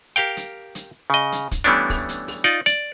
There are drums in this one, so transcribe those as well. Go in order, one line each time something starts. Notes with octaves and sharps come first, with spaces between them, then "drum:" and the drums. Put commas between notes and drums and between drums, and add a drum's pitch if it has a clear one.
G4 A#4 F5 G5
drum: hi-hat
drum: hi-hat
C#3 D#5
drum: hi-hat
drum: kick, hi-hat
E3 G3 A3 B3 C#4 D4
drum: kick, open hi-hat
drum: hi-hat
drum: open hi-hat
D#4 F4 D5 D#5
D5, drum: hi-hat